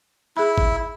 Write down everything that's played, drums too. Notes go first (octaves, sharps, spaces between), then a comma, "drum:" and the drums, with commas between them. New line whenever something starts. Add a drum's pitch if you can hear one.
E4 G#4 B5
drum: kick G#1